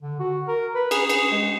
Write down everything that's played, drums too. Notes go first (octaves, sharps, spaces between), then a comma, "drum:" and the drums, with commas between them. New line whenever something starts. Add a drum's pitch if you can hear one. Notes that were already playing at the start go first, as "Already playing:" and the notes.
D3
F#4
A#4
B4
G#4, drum: cymbal
G#4, drum: cymbal
G#3